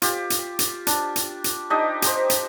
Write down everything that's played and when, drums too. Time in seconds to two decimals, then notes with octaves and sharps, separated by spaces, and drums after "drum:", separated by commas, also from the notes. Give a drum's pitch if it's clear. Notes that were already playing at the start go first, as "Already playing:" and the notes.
0.02 F4 G4, drum: hi-hat
0.30 drum: hi-hat
0.59 drum: hi-hat
0.87 D4, drum: hi-hat
1.16 drum: hi-hat
1.44 drum: hi-hat
1.70 D4 D#4 G4 D#5
2.02 G4 C5, drum: hi-hat
2.30 drum: hi-hat